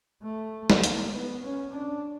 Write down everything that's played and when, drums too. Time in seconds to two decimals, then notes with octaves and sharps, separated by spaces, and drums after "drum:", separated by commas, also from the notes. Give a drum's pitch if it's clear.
0.23 A3
0.70 drum: snare
0.83 A#3, drum: hi-hat
1.13 B3
1.44 C#4
1.74 D4